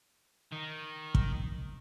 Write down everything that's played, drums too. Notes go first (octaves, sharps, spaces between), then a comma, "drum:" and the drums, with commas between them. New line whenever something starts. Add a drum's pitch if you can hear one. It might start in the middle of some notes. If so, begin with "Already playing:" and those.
D#3
drum: kick